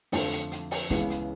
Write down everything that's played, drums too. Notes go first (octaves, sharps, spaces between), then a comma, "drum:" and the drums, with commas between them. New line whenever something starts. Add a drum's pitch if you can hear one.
F2 D3 F3 A3, drum: open hi-hat
drum: hi-hat
drum: hi-hat
drum: open hi-hat
C#2 C#3 E3 G#3 B3, drum: kick, hi-hat
drum: hi-hat